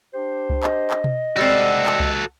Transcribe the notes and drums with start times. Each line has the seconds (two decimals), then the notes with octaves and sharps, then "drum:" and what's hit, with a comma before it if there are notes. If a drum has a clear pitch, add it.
0.14 D4 G4 C5
0.50 drum: kick C2
0.63 D#5, drum: clap
0.91 drum: clap
1.04 drum: tom B2
1.36 C3 G3 G#3 C4 F#4 A4 E6
1.86 drum: clap
2.00 drum: kick C2